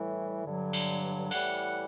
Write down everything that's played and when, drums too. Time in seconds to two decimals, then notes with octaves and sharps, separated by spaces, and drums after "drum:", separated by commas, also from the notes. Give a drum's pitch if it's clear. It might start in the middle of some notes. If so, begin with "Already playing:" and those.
Already playing: A2 E3 G3
0.45 G2 D3 F#3
0.73 drum: cymbal
1.31 A2 E3 G3 F#5, drum: cymbal